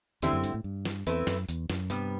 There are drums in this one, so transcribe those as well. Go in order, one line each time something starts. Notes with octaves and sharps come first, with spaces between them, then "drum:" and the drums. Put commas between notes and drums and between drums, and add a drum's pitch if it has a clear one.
E2 D3 A3 C4 E4 G4, drum: hi-hat
F#2
G2, drum: hi-hat
A2
G2
drum: snare
E2 A3 C4 E4 B4, drum: hi-hat
F#2, drum: snare
E2, drum: hi-hat
F#2, drum: snare
G2 C3 G3 B3, drum: hi-hat